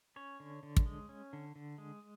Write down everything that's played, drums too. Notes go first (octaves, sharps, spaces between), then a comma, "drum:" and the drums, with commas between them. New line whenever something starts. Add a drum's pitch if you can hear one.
C#4 C#5
D3
D3
drum: kick
G#3
C#4
D3
D3
G#3